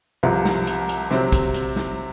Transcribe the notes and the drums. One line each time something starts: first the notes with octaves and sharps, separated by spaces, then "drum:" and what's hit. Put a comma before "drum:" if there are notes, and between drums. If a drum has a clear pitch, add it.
C2 C3 F3
drum: snare
drum: hi-hat
drum: hi-hat
C3 F#3 C4, drum: snare
drum: kick, hi-hat
drum: hi-hat
drum: snare